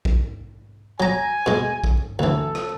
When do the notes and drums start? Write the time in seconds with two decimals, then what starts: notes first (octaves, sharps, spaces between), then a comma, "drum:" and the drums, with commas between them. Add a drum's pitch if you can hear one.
0.05 drum: kick A#1
1.00 F#3 G#5 A#5
1.46 B2 G#3
1.84 drum: kick A#1
2.19 D2 E3 A4
2.55 drum: rim click